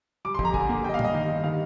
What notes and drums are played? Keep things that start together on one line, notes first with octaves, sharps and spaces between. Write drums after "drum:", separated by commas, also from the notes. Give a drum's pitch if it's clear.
G3 D6
C6
F2, drum: kick
A#5
D3 G#5, drum: kick
A#3
G2 G5
D#5
F5
G2, drum: tom
D#5
D#3
G2
D#3 F5